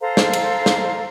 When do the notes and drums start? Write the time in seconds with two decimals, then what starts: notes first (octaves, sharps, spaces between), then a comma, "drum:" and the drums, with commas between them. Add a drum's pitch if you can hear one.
0.01 A4 C5 F5 A#5
0.17 drum: snare
0.33 drum: cymbal
0.66 drum: snare